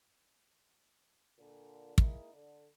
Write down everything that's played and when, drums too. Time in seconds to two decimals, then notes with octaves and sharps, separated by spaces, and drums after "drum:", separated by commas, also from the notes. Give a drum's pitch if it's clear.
1.39 A#2 D3
1.98 G#3 A#3 D#4 E4, drum: kick
2.34 D3